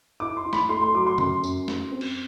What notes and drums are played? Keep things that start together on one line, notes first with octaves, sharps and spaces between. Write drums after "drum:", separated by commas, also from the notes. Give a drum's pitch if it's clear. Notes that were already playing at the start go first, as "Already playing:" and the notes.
E4 D6
C6
E4
B5, drum: snare
A3 C6
C6
F#3 D6
C6
F#2 C6, drum: tom
F#2, drum: tambourine
F#2, drum: snare
C4
drum: cymbal